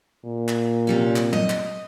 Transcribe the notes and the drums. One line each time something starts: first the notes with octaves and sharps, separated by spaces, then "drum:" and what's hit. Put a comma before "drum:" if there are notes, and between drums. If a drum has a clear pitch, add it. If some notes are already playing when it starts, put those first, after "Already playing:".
A#2
drum: clap
C3 G3 C#4
drum: clap
D#5, drum: tom F#3
drum: clap